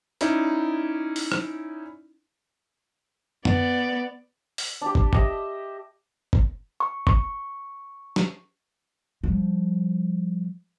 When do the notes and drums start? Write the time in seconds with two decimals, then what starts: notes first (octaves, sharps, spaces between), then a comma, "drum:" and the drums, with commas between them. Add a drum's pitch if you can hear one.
0.21 C#4 D#4 E4 D5, drum: hi-hat
1.16 drum: open hi-hat
1.32 drum: rim click
3.45 B3 D5, drum: tom
4.58 drum: open hi-hat
4.81 D4 G4
4.95 drum: kick
5.13 G4 D#5 E5, drum: kick
6.33 drum: kick
6.80 C#6
7.07 C#6, drum: kick
8.16 drum: snare
9.23 F3 G3